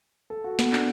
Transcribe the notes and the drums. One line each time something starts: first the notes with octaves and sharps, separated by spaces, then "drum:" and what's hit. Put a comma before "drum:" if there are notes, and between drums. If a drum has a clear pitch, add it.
A4
F#4
B3, drum: snare
D4, drum: clap